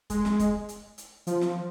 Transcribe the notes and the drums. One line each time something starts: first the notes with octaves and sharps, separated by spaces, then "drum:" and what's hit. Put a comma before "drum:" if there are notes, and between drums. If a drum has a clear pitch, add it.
G#3, drum: kick, hi-hat
drum: snare
drum: kick, hi-hat
drum: hi-hat
drum: hi-hat
F3, drum: hi-hat
drum: snare